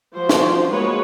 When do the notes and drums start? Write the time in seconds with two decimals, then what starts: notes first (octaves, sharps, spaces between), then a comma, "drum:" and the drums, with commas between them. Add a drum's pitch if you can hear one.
0.16 F3 F4 F#4 C5
0.29 drum: snare
0.71 G#3 A#3 B3 F#4 B4 C#5